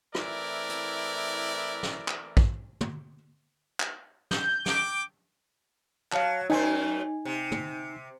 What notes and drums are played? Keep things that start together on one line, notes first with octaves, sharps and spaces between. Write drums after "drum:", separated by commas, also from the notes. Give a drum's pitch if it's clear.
E3 A3 C4 E4 A#4 D5, drum: rim click
drum: hi-hat
drum: snare
drum: clap
drum: kick
drum: tom
drum: clap
G6, drum: snare
G5 D6, drum: snare
F#3 F5 A5, drum: clap
F#2 A3 D#4 C5 G#5
C3
drum: tom